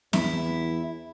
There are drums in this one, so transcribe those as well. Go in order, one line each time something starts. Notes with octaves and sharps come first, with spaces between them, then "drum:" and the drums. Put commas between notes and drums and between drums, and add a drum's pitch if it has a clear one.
E2 E4, drum: snare C4